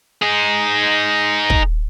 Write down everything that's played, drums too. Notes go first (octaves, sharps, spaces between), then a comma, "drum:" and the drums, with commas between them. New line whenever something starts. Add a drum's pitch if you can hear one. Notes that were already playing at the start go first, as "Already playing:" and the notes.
D#4 G#4
drum: kick